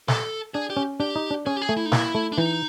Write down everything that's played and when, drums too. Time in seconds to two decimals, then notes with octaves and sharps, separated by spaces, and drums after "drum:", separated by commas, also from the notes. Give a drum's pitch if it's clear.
0.08 A4, drum: snare
0.54 D4 G#4
0.70 G4
0.77 C#4
1.00 D4 G4
1.16 D#4
1.31 D4
1.46 C#4 G#4
1.56 G4
1.62 G#4
1.69 A3
1.77 E4
1.86 D#4
1.92 A#3 E4, drum: snare
2.15 A3
2.32 D4
2.38 E3 D#4